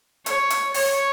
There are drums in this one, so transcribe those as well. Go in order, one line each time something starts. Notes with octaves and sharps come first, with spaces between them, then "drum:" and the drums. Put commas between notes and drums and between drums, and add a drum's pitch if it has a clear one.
C#5, drum: hi-hat
drum: hi-hat
C#5, drum: open hi-hat